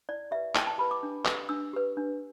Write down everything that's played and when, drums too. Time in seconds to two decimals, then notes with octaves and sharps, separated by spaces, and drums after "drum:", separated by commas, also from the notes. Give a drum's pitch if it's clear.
0.09 E4 D5
0.31 G4 B4 E5
0.55 E4 G5, drum: clap
0.67 A5
0.78 G4 B4 B5
0.91 D6
1.03 D4
1.25 G4 B4, drum: clap
1.49 D4 E6
1.73 G4 B4
1.97 D4